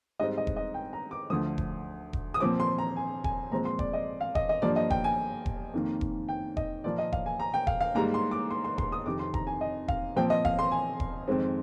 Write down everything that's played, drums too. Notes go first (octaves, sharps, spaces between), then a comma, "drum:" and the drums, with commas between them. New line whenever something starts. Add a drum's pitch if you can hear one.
G#2 G3 C4 D#5
D#5
drum: kick E1
D#5
G5
A#5
D6
D2 D3 F3 D#6
drum: kick E1
drum: kick E1
D#6
A#2 F3 C4 D6
C6
A#5
G#5
G#5, drum: kick E1
A#2 F3 G#3 C4 A#5
C6
D5, drum: kick E1
D#5
F5
D#5, drum: kick E1
D#5
G2 F3 A#3 D5
D#5
G5, drum: kick E1
G#5
drum: kick E1
F2 D#3 A#3
drum: kick E1
G5
D#5, drum: kick E1
A#2 F3 A#3 D5
D#5
F5, drum: kick E1
G#5
A#5
G5
F5, drum: kick E1
F5
G#2 G3 A#3 A#5
C6
D6
C6
C6
C6, drum: kick E1
D#6
F2 C3 D#3 D6
C6
A#5, drum: kick E1
G#5
D#5
F5, drum: kick E1
A#2 F3 C4 G5
D#5
F5, drum: kick E1
C6
G#5
drum: kick E1
F2 D#3 G#3 C4